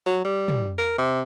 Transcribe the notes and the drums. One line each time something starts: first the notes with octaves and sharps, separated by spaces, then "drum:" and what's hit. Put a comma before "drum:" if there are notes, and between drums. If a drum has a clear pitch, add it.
F#3
G3
drum: tom
A#4
C3